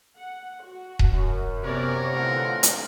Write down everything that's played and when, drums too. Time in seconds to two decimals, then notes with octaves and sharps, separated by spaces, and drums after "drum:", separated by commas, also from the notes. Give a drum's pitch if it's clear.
0.17 F#5
0.62 F#4
0.99 drum: kick D#1
1.11 F#2
1.64 C3 B3 A#4 C#5 D5
2.12 A2 D3 E3 F4 F#5
2.63 drum: hi-hat